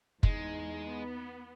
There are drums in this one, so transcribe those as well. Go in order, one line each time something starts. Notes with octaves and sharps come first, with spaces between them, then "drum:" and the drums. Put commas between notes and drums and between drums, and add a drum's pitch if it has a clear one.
E2 G#3 D#4, drum: kick
B3